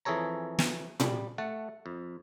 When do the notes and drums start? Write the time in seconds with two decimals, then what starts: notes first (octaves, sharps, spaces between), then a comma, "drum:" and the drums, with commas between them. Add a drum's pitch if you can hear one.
0.05 F2 E3 G#4 A4 C#5 A#5
0.59 drum: snare
1.00 G3, drum: tom A#2
1.38 A3 F#5 A5
1.86 F2